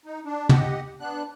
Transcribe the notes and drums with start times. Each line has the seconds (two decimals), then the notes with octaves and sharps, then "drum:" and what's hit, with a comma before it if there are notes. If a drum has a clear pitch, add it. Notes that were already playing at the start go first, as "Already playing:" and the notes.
0.06 D#4
0.25 D4
0.49 G4 D#5 F#5, drum: tom
1.00 B3 D4 F#6